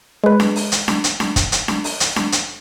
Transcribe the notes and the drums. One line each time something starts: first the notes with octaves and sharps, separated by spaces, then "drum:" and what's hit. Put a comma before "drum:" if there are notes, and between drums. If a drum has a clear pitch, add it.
G#3 B4
drum: snare D4
drum: open hi-hat
drum: hi-hat
drum: snare D4
drum: hi-hat
drum: snare D4
drum: kick, hi-hat
drum: hi-hat
drum: snare D4
drum: open hi-hat
drum: hi-hat
drum: snare D4
drum: hi-hat